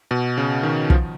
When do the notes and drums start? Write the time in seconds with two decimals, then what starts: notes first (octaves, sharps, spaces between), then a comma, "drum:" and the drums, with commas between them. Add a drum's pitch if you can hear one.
0.11 B2
0.38 C#3
0.63 D#3
0.90 F3, drum: kick